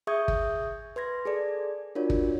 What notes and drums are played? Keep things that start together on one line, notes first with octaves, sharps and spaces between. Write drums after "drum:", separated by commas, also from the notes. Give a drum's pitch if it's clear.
G#4 E5 C#6 D#6 G6 G#6
drum: kick
B4 C6 G#6 A#6
G#4 A4 D5
D4 F4 F#4 A#4 C#5 D5
drum: kick